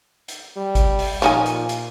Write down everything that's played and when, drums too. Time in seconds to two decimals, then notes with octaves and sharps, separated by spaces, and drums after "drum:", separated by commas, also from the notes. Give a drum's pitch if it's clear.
0.28 drum: hi-hat
0.57 G3
0.75 drum: kick G#1, hi-hat
0.99 drum: open hi-hat
1.22 A#2 F3 D#4 G#5, drum: hi-hat
1.46 drum: hi-hat
1.69 drum: hi-hat